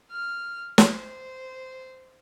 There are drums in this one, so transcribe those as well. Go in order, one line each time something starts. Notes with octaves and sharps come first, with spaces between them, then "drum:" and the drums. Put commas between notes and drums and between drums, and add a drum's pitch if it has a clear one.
F6
drum: snare
C5